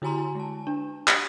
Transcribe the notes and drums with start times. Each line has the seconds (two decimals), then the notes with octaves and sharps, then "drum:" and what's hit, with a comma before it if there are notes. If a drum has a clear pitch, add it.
0.02 D3 E4 F#4 G#5 A#5 C6
0.35 G#3 A5
0.67 D4
1.08 G4, drum: clap